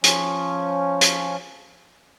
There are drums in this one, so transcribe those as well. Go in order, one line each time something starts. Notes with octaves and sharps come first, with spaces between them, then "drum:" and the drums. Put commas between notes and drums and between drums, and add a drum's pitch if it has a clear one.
F3 C#4, drum: hi-hat
drum: hi-hat